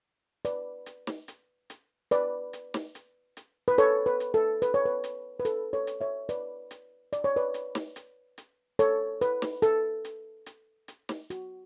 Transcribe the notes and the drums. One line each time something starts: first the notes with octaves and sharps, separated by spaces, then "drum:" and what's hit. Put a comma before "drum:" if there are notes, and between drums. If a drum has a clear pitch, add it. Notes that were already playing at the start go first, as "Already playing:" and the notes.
B4 D5, drum: hi-hat
drum: hi-hat
drum: snare
drum: hi-hat
drum: hi-hat
B4 D5, drum: hi-hat
drum: hi-hat
drum: snare
drum: hi-hat
drum: hi-hat
B4
A4 C#5, drum: hi-hat
B4
drum: hi-hat
A4
B4, drum: hi-hat
C#5
B4
drum: hi-hat
B4
A4, drum: hi-hat
A4 C#5
drum: hi-hat
C#5 E5
B4 D5, drum: hi-hat
drum: hi-hat
D5, drum: hi-hat
C#5
B4 D5
drum: hi-hat
drum: snare
drum: hi-hat
drum: hi-hat
A4 C#5, drum: hi-hat
B4, drum: hi-hat
drum: snare
A4, drum: hi-hat
drum: hi-hat
drum: hi-hat
drum: hi-hat
drum: snare
F#4, drum: hi-hat